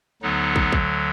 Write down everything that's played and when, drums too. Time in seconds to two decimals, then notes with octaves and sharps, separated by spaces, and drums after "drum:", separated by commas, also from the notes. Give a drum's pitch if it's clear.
0.22 D2 D3 F#3 B3 D#4
0.56 drum: kick
0.72 drum: kick